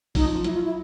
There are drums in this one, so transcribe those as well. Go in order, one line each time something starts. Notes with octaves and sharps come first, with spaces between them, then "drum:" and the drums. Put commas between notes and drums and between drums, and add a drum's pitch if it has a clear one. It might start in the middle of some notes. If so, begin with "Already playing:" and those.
F#3 D#4, drum: kick, open hi-hat
F3
F3
F#3 E4, drum: hi-hat
F4
E4